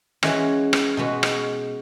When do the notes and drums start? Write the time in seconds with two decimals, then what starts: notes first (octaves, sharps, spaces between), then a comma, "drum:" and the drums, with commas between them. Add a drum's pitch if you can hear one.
0.23 E3 G#3 C#4 F#4, drum: rim click
0.73 drum: rim click
0.97 B2 G#3 B3 F#4
1.23 drum: rim click